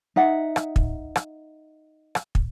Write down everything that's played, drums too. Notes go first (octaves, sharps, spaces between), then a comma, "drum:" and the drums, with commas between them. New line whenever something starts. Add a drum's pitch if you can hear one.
D#4 E5 F#5
drum: rim click
drum: kick
drum: rim click
drum: rim click
drum: kick